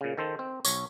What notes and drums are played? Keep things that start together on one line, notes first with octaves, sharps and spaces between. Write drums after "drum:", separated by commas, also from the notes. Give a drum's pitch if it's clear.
A#2 C#3
D#3 A4 C5
C4
B1 C#5, drum: tambourine